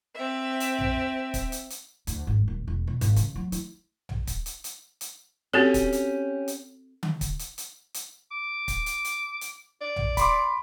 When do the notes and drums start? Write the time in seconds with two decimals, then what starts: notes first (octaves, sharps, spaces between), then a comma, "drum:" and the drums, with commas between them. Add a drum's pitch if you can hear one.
0.16 C4 E5
0.60 drum: hi-hat
0.79 drum: tom A#1
1.34 drum: kick, hi-hat
1.52 drum: hi-hat
1.70 drum: hi-hat
2.07 D2, drum: hi-hat
2.27 G#1
2.48 D#1
2.67 E1
2.87 B2
3.01 G#1, drum: hi-hat
3.16 C#3, drum: hi-hat
3.35 F#3
3.52 E4, drum: hi-hat
4.09 drum: tom A#1
4.27 drum: kick, hi-hat
4.46 drum: hi-hat
4.64 drum: hi-hat
5.01 drum: hi-hat
5.53 C4 C#4 F#4 G4 A4
5.74 drum: kick, hi-hat
5.93 drum: hi-hat
6.48 drum: hi-hat
7.03 drum: tom D3
7.21 drum: kick, hi-hat
7.39 drum: hi-hat
7.58 drum: hi-hat
7.94 drum: hi-hat
8.31 D6
8.68 drum: kick, hi-hat
8.86 drum: hi-hat
9.05 drum: hi-hat
9.41 drum: hi-hat
9.82 D5
9.96 drum: tom A#1
10.17 B5 C6 D6, drum: kick, hi-hat